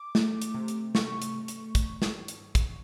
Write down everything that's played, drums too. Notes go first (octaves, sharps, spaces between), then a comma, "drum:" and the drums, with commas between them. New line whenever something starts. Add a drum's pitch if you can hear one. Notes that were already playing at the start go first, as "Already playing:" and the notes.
Already playing: D6
A3, drum: snare
drum: hi-hat
C3
drum: hi-hat
A3 C#6, drum: snare
drum: hi-hat
drum: hi-hat
drum: kick, hi-hat
drum: snare
drum: hi-hat
drum: kick, hi-hat